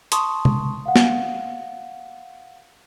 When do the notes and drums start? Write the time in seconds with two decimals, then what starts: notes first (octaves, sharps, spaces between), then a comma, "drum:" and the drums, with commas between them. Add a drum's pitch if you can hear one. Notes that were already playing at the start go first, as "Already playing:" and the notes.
0.12 A5 C6 C#6 D#6, drum: hi-hat
0.45 drum: tom
0.86 F5 F#5
0.96 drum: snare B3